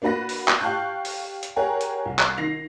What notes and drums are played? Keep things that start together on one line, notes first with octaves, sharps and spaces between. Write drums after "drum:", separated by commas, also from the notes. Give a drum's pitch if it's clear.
A#3 D4 F#4 B4 F#5 A#6
drum: open hi-hat
drum: clap
G4 F5 A5 C#6 F#6 G6
drum: open hi-hat
drum: hi-hat
G4 G#4 A#4 C#5 F#5
drum: hi-hat
C2
drum: clap
D#3 A#6 C7 F7